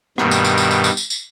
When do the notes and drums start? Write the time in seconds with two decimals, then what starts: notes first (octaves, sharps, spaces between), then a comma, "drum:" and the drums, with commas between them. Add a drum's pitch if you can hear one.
0.18 G2 B2 D#3, drum: rim click
0.31 drum: tambourine
0.44 drum: tambourine
0.58 drum: tambourine
0.71 drum: tambourine
0.84 drum: tambourine
0.97 drum: tambourine
1.10 drum: tambourine